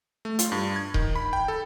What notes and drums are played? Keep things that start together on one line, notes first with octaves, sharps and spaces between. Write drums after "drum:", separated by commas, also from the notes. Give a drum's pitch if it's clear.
A3
F4, drum: hi-hat
G2
G#6
D#3, drum: kick D#1
B5
G5
A4